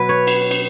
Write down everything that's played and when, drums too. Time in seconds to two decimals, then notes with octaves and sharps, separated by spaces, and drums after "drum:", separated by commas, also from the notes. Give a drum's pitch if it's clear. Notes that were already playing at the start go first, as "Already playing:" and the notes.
Already playing: B2 F#3 B4
0.09 C#5
0.27 drum: cymbal
0.51 drum: cymbal